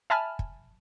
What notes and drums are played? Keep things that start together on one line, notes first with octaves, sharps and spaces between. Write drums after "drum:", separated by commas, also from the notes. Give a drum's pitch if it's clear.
E5 G#5 A5 B5 F6
drum: kick